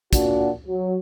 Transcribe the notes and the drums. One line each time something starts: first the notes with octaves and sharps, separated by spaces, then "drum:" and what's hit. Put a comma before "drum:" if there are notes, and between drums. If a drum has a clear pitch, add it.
A#2 D4 F#4, drum: kick, hi-hat
F#3